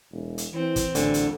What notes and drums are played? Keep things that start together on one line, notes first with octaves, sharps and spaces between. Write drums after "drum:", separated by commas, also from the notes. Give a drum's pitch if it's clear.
E1
drum: hi-hat
E3 C4
drum: kick, hi-hat
D#1 A1 D2 D3, drum: hi-hat
drum: hi-hat